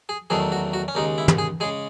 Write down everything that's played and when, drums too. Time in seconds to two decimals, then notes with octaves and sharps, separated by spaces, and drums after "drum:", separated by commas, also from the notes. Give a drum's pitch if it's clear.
0.09 G#4
0.30 E2 D#3 F#3 A3 G#4
0.52 F#4
0.73 F#4
0.88 C#4
0.95 D#2 C#3 G#3 D#4
1.18 E4
1.28 drum: tom
1.38 G#4
1.60 C#3 G#3 G#4